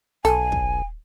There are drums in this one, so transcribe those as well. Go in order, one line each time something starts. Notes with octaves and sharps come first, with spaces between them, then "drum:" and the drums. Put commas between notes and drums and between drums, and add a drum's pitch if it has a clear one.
B1 A4 G#5, drum: hi-hat
drum: kick